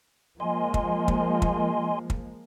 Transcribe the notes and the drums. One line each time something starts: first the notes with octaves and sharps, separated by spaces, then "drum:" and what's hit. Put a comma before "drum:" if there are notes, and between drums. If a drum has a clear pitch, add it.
F3 G#3 A#3 D#5 G#5 C6
drum: kick
drum: kick
drum: kick
drum: kick